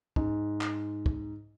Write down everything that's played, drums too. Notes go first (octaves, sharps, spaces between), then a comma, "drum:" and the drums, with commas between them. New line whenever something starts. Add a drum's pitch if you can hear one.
G#2, drum: kick
drum: clap
drum: kick